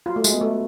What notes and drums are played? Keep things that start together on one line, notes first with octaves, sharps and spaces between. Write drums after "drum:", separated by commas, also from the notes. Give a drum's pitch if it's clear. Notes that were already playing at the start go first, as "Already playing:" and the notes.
F#3 F4
A3
G#3, drum: tambourine
B3
A3